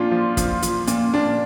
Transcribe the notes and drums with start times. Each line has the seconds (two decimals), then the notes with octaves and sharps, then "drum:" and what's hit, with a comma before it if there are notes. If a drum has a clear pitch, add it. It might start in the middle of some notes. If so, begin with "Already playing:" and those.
Already playing: A#2 F3 D4 F4
0.11 F3
0.37 F3, drum: kick, hi-hat
0.62 F3, drum: hi-hat
0.87 A#2, drum: hi-hat
1.14 A#2 D4